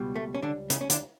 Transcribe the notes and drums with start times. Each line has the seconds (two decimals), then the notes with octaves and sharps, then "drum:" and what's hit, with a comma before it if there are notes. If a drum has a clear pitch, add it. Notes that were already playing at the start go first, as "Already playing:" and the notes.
Already playing: C#2 B2 G3
0.16 A3
0.35 C#4
0.42 D3 D4
0.70 C#3 C#4, drum: hi-hat
0.81 C#4
0.90 D3 D4, drum: hi-hat